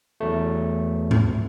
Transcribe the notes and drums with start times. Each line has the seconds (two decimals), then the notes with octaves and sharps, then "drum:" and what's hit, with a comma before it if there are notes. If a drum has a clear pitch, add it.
0.20 E2 F#3 A3
1.11 drum: tom G#2